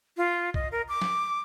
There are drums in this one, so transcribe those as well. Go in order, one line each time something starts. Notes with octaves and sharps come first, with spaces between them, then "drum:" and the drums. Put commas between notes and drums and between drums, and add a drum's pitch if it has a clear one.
F4
D#5, drum: kick
A#4
D6
drum: snare